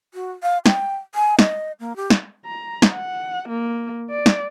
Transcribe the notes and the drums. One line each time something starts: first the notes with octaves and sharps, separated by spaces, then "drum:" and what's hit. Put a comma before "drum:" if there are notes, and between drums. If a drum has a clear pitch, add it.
F#4
F5
G5, drum: snare
G#5
D#5, drum: snare
A#3
G4
drum: snare
A#5
drum: snare
F#5
A#3
D5
drum: snare